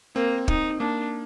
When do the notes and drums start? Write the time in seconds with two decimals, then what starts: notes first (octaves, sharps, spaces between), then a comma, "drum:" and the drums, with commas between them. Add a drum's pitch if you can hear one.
0.15 A#3 C4
0.48 D#4, drum: kick
0.80 A#3 D4